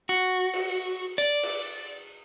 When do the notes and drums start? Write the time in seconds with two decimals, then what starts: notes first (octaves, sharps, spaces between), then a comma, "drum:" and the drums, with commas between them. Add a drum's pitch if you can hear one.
0.09 F#4
0.54 drum: cymbal
1.18 D5, drum: hi-hat
1.43 drum: cymbal